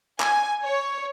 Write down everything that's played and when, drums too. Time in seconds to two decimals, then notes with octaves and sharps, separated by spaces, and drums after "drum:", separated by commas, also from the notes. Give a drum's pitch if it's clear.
0.20 G#5, drum: clap
0.63 C#5